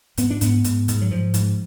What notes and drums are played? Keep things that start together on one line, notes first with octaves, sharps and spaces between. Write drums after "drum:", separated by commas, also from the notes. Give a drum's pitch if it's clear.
G#2 B3, drum: hi-hat
D4
G#2 B3, drum: hi-hat
G#2, drum: hi-hat
G#2, drum: hi-hat
F#3
G#2 F3
G#2, drum: hi-hat